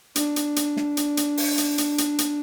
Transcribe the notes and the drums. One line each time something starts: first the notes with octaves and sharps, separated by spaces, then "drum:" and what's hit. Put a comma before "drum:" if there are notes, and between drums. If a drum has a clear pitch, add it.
D4, drum: hi-hat
drum: hi-hat
drum: hi-hat
drum: snare
drum: hi-hat
drum: hi-hat
drum: open hi-hat
drum: hi-hat
drum: hi-hat
drum: hi-hat
drum: hi-hat